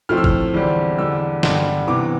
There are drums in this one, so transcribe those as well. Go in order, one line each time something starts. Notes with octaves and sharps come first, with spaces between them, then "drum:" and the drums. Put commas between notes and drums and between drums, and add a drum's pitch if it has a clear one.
A2 F3 C4 F6
E6
F6, drum: kick G#1
E2 D3 G3 C4
E2 D3 G3 E6
G2 D3 G3, drum: snare
C3 E3 B3 D6